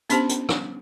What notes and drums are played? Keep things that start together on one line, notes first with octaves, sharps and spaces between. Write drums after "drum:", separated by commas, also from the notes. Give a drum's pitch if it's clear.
B3 C#4 D4 G4 C5 A5, drum: hi-hat
drum: hi-hat
drum: rim click